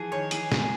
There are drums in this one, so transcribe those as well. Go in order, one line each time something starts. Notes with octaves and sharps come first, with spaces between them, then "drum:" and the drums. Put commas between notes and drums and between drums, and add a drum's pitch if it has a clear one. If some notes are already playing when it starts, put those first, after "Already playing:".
Already playing: E3 F3 G#4
D#3 C#5
E3 G#4, drum: hi-hat
G#4, drum: snare
A#3